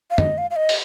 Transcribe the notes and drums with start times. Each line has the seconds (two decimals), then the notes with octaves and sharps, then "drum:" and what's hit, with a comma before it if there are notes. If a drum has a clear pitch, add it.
0.11 F5
0.18 D#5, drum: tom
0.38 F5
0.51 F5
0.56 D#5
0.69 drum: open hi-hat